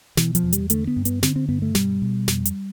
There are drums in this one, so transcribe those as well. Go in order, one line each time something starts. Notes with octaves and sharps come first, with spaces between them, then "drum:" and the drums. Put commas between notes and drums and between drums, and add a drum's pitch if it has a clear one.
B2 E3, drum: snare
F3, drum: hi-hat
E2
G3, drum: hi-hat
D3 A3, drum: hi-hat
B3
G2
B3, drum: hi-hat
D3 C4, drum: snare
C4
G2 B3
A3
B2 G3, drum: snare
B2
F2, drum: snare
drum: hi-hat